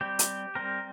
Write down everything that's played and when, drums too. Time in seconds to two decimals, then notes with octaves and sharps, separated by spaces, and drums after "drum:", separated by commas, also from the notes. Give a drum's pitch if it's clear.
0.01 G3 C4 G4
0.19 drum: hi-hat
0.55 G3 C4 A#4